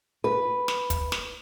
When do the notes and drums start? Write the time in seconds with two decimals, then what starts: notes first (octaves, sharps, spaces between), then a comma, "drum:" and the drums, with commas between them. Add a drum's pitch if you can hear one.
0.24 B4
0.68 drum: snare
0.90 drum: kick, hi-hat
1.12 drum: snare